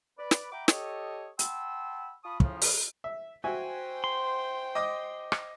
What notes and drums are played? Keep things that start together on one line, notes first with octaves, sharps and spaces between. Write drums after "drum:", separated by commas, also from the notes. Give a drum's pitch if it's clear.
B4 D5
drum: snare
E5 F#5 G5 A#5 B5 D6
G4 A4 C#5 D#5, drum: snare
F#5 G5 A5 B5 C6 E6, drum: hi-hat
F4 F5 A5 B5 C#6 D#6
A2 C#3 F3, drum: kick
drum: open hi-hat
E5
F#4 C5 E5 G5 G#5
C6
D#5 D6 D#6
drum: rim click